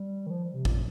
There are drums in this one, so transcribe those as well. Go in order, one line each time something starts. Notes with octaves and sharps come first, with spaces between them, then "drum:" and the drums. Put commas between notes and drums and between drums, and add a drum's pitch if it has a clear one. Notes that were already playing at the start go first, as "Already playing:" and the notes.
Already playing: G3
D#3
F3
C3
A#2, drum: kick